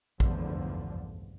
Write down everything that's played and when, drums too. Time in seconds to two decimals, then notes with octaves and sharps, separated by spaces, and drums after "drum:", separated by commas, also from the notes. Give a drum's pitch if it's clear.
0.20 F1 B1 E2 G2 D3 F3, drum: kick